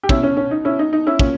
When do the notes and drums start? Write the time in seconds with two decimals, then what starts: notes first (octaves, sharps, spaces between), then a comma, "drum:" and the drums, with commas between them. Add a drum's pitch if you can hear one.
0.03 G4
0.09 B2 C#4 E4, drum: kick
0.23 C#4
0.37 C#4
0.51 D#4
0.65 C#4 E4
0.79 D#4
0.93 D#4
1.06 C#4 E4
1.19 A#2 C#4, drum: kick